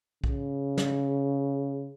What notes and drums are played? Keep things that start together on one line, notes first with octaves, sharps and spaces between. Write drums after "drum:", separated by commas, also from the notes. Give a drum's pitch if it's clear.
C#3, drum: kick B1
drum: snare